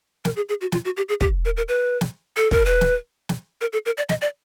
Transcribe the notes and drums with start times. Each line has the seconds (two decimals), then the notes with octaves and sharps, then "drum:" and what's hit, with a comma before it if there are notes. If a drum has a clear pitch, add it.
0.25 A#4, drum: snare
0.36 G#4
0.49 G#4
0.61 F#4
0.72 F4, drum: snare
0.85 F#4
0.97 G4
1.09 G#4
1.21 G4, drum: kick
1.45 A#4
1.57 A#4
1.68 B4
2.01 drum: snare
2.37 A4
2.51 A#4, drum: kick
2.66 B4
2.81 drum: snare
3.29 drum: snare
3.61 A#4
3.73 A4
3.86 A#4
3.97 D5
4.09 D#5, drum: snare
4.21 D5